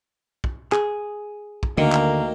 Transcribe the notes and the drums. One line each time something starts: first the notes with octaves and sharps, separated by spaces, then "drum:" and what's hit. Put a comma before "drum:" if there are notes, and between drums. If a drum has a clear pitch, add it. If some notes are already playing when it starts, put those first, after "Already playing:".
drum: kick
G#4, drum: clap
drum: kick
D2 D3 D#3 A#3
drum: clap